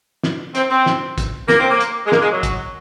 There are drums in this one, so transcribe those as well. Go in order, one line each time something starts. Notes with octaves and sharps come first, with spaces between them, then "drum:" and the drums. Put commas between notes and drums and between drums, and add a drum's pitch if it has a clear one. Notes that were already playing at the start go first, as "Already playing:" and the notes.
drum: snare
C4, drum: hi-hat
C4
drum: snare
drum: kick, hi-hat
A#3, drum: snare
C4
A#3
drum: hi-hat
G#3
A#3, drum: snare
G#3
F#3
drum: kick, hi-hat